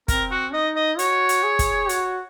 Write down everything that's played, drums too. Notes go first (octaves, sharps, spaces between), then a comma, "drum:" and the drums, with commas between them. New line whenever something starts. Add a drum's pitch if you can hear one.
C4 A#4, drum: kick, hi-hat
F#4
D#4 D#5
D#5
F#4 C#5, drum: hi-hat
drum: hi-hat
G#4
drum: kick, hi-hat
F#4, drum: hi-hat